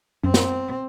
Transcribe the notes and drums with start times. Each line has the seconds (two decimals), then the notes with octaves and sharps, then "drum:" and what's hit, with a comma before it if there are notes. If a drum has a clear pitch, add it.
0.24 F#2 C4
0.34 drum: snare